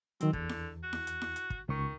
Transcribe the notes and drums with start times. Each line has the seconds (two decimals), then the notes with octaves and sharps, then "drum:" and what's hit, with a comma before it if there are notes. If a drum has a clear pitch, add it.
0.21 D#3 F#3 C4, drum: hi-hat
0.33 E2 D3, drum: kick
0.49 drum: snare E4
0.83 F#4
0.93 drum: snare E4
1.07 drum: hi-hat
1.21 drum: snare E4
1.36 drum: hi-hat
1.50 drum: kick
1.69 C#2 D#3 C#6